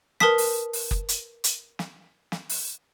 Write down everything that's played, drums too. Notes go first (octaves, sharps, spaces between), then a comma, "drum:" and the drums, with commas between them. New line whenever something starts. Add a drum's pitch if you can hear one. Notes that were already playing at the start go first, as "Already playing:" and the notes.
A#4 B4 A5 D#6 B6, drum: snare
drum: open hi-hat
drum: open hi-hat
drum: kick F#1
drum: hi-hat
drum: hi-hat
drum: snare
drum: snare
drum: open hi-hat